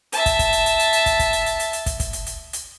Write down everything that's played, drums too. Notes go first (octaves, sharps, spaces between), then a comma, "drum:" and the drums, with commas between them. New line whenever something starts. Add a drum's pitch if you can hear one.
E5 A5, drum: hi-hat
drum: kick, hi-hat
drum: kick, hi-hat
drum: hi-hat
drum: hi-hat
drum: hi-hat
drum: hi-hat
drum: kick, hi-hat
drum: kick, hi-hat
drum: hi-hat
drum: hi-hat
drum: hi-hat
drum: hi-hat
drum: kick, hi-hat
drum: kick, hi-hat
drum: hi-hat
drum: hi-hat
drum: hi-hat